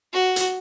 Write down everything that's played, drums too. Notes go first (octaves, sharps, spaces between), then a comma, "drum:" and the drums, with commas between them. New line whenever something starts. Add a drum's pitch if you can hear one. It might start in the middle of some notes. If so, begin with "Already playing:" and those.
F#4
drum: hi-hat